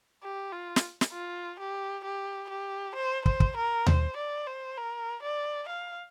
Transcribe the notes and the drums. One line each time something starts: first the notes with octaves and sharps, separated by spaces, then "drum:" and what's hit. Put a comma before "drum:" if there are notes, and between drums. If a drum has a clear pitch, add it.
G4
F4
drum: snare
drum: snare
F4
G4
G4
G4
C5
C5, drum: kick
drum: kick
A#4
C5, drum: tom D#2
D5
C5
A#4
D5
F5